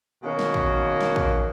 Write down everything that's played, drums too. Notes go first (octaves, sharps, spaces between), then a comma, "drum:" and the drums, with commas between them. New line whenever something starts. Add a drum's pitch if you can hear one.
B2 D#3 A#3 C#4 F#4 G#4
drum: snare
drum: kick
drum: snare
drum: kick